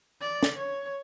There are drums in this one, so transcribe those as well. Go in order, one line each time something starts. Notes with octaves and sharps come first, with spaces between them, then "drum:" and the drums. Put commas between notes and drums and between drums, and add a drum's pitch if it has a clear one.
D5
drum: snare
C#5